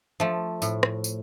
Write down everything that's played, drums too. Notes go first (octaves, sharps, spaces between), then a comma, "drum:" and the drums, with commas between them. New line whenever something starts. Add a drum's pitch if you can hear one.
F3 A3
A2, drum: tambourine
drum: rim click
drum: tambourine